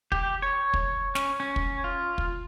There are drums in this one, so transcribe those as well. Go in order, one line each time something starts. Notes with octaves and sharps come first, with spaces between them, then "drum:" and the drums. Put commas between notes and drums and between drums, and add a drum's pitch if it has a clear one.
G4, drum: kick
C#5
drum: kick
C#4, drum: snare
C#4
drum: kick
F4
drum: kick